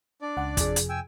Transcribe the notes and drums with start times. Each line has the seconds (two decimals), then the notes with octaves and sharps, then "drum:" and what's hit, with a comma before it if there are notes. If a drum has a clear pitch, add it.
0.22 D4 D5
0.37 C#2 F#5
0.57 F2 C3 G#4, drum: kick, hi-hat
0.76 drum: hi-hat
0.89 G5 G#5 E6